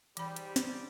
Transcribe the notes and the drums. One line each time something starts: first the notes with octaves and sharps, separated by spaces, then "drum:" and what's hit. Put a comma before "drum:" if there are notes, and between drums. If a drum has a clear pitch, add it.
G#2 E3 G3 G4 B5, drum: hi-hat
drum: hi-hat
drum: snare